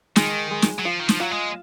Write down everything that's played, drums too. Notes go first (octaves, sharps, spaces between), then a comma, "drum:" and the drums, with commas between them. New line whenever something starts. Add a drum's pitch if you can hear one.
D#3 G#3, drum: snare
G#3
drum: snare
F#3
F3 F4
D#3
F3, drum: snare
F#3 F4
G#3